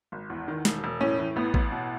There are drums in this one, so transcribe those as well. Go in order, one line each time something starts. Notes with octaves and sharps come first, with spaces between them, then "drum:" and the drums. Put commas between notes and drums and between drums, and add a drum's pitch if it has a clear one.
G#1
E2
D#3
E1, drum: snare
E1
A2 C#4
E3
A1 B3
A1, drum: kick A1
B2